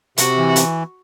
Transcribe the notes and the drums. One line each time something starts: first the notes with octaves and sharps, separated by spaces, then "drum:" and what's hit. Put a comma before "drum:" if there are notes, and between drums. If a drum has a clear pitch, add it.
C3 F#4, drum: hi-hat
E3
drum: hi-hat